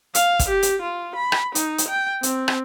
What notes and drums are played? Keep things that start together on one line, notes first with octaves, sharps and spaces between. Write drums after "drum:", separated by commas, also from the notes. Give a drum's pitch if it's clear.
F5, drum: hi-hat
drum: kick, hi-hat
G4
drum: hi-hat
F4
B5
drum: rim click
D#4, drum: hi-hat
drum: hi-hat
G5
C4, drum: hi-hat
drum: rim click